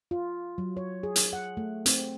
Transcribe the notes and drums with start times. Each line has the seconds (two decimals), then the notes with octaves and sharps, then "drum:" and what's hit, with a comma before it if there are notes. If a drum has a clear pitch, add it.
0.11 F4
0.58 F#3
0.77 C#5
1.03 G#4
1.16 drum: hi-hat
1.33 F#5
1.57 A3
1.86 C4, drum: hi-hat